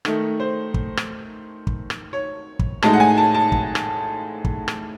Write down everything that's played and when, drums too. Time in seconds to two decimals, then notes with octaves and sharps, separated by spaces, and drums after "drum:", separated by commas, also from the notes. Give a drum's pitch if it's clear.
0.05 D#3 A3 D#4, drum: rim click
0.40 C5
0.74 drum: kick
0.97 drum: rim click
1.67 drum: kick
1.90 drum: rim click
2.13 C#5
2.59 drum: kick
2.82 A2 G#3 D#4 A5, drum: rim click
2.93 F#5
3.00 G#5
3.18 A5
3.34 A5
3.52 drum: kick
3.75 drum: rim click
4.45 drum: kick
4.68 drum: rim click